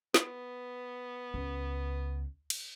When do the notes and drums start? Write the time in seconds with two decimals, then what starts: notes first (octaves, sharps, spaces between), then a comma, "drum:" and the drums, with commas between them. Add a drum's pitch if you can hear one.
0.14 B3, drum: snare
1.34 C#2
2.50 drum: cymbal